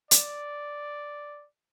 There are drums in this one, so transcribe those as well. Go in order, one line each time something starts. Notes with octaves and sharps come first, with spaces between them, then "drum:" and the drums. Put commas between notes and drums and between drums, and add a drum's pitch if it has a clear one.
D5, drum: hi-hat